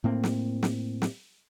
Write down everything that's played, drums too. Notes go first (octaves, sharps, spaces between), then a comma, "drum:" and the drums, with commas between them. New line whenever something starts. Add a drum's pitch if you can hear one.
A2 A#3 C4
drum: snare
drum: snare
drum: snare